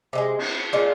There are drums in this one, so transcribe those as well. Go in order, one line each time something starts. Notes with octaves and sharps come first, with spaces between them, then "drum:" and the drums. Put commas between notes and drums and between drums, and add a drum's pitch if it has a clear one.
C3 D#3 G#3
drum: cymbal
A#2 G#3 F4